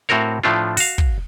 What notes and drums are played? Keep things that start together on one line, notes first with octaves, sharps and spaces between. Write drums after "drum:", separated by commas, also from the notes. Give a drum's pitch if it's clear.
A2 C4 F#4 A#4 C#5
A2 F3 A3 D4 F4
F#4 F5, drum: open hi-hat
drum: kick